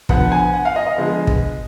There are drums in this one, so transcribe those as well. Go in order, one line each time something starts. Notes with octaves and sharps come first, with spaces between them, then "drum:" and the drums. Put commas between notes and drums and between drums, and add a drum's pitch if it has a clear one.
D3 F3 B3 F#5, drum: kick
G#5
F#5
F5
D#5
D#5
D3 F3 G#3 B3
drum: kick